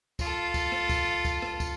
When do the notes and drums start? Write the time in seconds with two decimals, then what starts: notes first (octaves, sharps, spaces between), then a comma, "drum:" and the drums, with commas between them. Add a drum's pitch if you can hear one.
0.19 F4 A4, drum: kick, tambourine
0.54 drum: kick, tambourine
0.72 drum: rim click
0.89 drum: kick, tambourine
1.25 drum: kick, tambourine
1.42 drum: rim click
1.60 drum: kick, tambourine